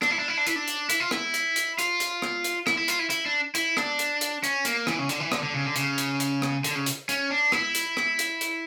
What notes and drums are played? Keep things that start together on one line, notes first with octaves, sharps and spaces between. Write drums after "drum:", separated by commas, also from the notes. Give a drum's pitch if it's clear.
D4, drum: rim click
E4
D4
E4
D4
E4, drum: hi-hat
D4
drum: hi-hat
E4, drum: hi-hat
F4
E4, drum: rim click
drum: hi-hat
drum: hi-hat
F4, drum: hi-hat
drum: hi-hat
drum: rim click
drum: hi-hat
E4, drum: rim click
E4
F4, drum: hi-hat
E4
E4, drum: hi-hat
D4
E4, drum: hi-hat
D4, drum: rim click
drum: hi-hat
drum: hi-hat
C#4, drum: hi-hat
A#3, drum: hi-hat
E3, drum: rim click
C#3
D3, drum: hi-hat
E3
D3, drum: rim click
D3
C#3
D3
C#3, drum: hi-hat
drum: hi-hat
drum: hi-hat
drum: rim click
D3, drum: hi-hat
C#3
drum: hi-hat
C#4, drum: hi-hat
D4
E4, drum: rim click
drum: hi-hat
drum: rim click
drum: hi-hat
drum: hi-hat